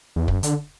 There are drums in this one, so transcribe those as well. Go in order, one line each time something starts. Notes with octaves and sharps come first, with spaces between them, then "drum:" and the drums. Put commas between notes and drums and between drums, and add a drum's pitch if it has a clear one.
E2
F#2, drum: kick
D3, drum: hi-hat